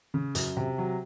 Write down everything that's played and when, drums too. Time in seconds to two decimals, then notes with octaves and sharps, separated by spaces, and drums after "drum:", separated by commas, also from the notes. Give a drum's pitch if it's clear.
0.14 C#3
0.35 F#2, drum: hi-hat
0.57 C3
0.78 F#3